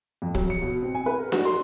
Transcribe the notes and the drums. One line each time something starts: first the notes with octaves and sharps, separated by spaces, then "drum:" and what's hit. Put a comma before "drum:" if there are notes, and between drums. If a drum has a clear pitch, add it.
F2
F#3, drum: kick
C#7
B2
C4
G#5
B4
A#4
F#4, drum: snare D4
C6